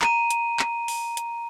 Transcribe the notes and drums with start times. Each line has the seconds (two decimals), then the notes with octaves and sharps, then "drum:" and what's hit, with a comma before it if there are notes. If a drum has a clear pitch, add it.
0.02 A#5 D#7, drum: clap
0.30 drum: hi-hat
0.59 drum: clap
0.88 drum: open hi-hat
1.17 drum: hi-hat